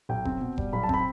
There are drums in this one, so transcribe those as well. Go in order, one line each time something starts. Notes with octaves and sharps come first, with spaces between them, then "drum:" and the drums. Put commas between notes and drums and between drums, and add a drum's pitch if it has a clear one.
B1 G5
C4, drum: kick E1
B2
G3, drum: kick E1
B1 B5
A5
C4 B5, drum: kick E1